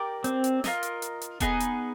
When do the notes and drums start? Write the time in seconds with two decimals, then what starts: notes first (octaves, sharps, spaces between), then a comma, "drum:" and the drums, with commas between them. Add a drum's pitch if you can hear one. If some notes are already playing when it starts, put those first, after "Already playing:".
Already playing: G4 A#4 D5 G5
0.24 C4, drum: hi-hat
0.44 drum: hi-hat
0.64 F4 A#4 D#5, drum: snare
0.83 drum: hi-hat
1.02 drum: hi-hat
1.22 drum: hi-hat
1.40 B3 D#4 G#4 B4, drum: kick E1, hi-hat
1.60 drum: hi-hat